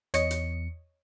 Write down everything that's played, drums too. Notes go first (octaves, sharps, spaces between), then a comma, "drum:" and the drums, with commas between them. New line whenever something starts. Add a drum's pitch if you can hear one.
E2 C#5 D#5 C#7, drum: hi-hat
drum: hi-hat